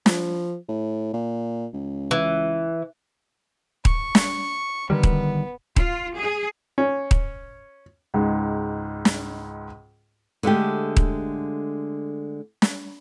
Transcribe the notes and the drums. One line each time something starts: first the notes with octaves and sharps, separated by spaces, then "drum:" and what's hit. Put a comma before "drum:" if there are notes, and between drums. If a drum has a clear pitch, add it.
F3, drum: snare
A2
A#2
C#2
E3
C#6, drum: kick D#1
drum: snare
D3 D#3 G3 B3
drum: kick D#1
F4, drum: kick D#1
G#4
C#4
drum: kick D#1
C#2 G#2
drum: snare
D3 G#3 A3 G4
drum: kick D#1
drum: snare